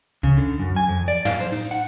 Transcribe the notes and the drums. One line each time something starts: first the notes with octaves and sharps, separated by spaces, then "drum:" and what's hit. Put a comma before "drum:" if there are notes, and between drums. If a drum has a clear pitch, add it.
C#3, drum: kick C#2
D3
F#2
G#5
F2
D5
F5, drum: tom
C5
D#4, drum: open hi-hat
F#5